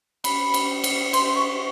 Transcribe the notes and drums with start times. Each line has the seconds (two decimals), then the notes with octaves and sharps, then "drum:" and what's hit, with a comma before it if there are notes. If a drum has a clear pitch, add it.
0.24 B5, drum: cymbal
0.54 drum: cymbal
0.84 drum: cymbal
1.13 C6, drum: cymbal
1.36 C#6